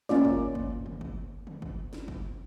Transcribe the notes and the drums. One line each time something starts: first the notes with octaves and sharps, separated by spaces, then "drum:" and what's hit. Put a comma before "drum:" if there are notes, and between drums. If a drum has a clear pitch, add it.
A#3 C#4 F4 D5, drum: snare
drum: kick
drum: kick
drum: tom
drum: tom C#3
drum: kick
drum: tom C#3
drum: kick
drum: snare
drum: kick